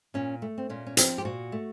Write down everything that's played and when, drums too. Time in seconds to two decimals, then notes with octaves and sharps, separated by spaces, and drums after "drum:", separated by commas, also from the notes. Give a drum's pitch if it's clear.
0.14 A#2 C#4
0.42 A3
0.58 C4
0.70 A#2 C#4
0.87 C#4
0.97 F3 C4, drum: hi-hat
1.18 G4
1.25 A#2 F#4
1.52 A3